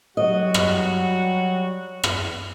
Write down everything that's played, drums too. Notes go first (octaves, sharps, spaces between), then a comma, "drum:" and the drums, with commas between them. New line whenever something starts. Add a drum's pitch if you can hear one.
F#3 G3 F#4 D#5
drum: rim click
drum: rim click